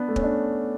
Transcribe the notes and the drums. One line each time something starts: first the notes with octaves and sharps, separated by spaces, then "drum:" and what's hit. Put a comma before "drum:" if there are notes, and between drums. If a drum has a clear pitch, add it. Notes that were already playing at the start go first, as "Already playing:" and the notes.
Already playing: B3 D4
A3
C#4, drum: kick
D4